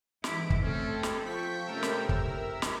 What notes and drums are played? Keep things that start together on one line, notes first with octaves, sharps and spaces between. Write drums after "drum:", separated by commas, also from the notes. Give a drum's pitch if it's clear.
G#2 E3 E4 D7, drum: snare
drum: kick
A3 C4 C#4 A4
drum: snare
F3 G5 C#6 B6
C3 A3 C#4 A#4 E6
drum: snare
drum: kick
E4
drum: snare